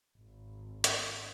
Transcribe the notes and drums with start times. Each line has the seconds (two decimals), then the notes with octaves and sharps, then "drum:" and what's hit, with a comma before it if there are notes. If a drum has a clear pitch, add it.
0.18 G#1
0.84 drum: hi-hat